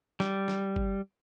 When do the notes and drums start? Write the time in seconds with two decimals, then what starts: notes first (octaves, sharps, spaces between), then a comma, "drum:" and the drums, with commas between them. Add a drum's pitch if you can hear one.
0.20 G3, drum: snare
0.48 drum: snare
0.76 drum: kick